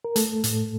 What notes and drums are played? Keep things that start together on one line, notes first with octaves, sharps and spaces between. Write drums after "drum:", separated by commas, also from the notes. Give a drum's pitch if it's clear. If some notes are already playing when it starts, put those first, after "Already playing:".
A#4
A3 A4, drum: hi-hat
A2, drum: hi-hat